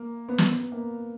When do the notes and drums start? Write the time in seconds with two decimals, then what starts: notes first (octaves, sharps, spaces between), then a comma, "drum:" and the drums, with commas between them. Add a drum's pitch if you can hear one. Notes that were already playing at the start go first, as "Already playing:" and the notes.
Already playing: A#3
0.29 B3
0.38 drum: snare
0.50 B3
0.72 A#3